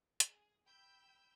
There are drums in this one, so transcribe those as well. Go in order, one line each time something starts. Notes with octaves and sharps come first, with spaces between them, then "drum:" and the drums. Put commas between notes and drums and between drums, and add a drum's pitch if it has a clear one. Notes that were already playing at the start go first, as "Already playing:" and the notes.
G#4, drum: hi-hat
G5 B5 E6 G6